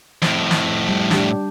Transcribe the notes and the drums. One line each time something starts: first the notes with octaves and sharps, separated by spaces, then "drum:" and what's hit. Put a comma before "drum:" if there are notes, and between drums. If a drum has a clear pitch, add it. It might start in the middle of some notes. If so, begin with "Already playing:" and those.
F2 A2, drum: snare
drum: snare
G3
D4 G4, drum: snare